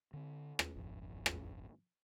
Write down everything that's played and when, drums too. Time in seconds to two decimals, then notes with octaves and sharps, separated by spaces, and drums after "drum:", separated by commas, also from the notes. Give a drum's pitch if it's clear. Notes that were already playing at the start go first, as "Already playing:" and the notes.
0.13 D3 C4
0.59 drum: rim click
0.76 D#1 G#1 F2
1.26 drum: rim click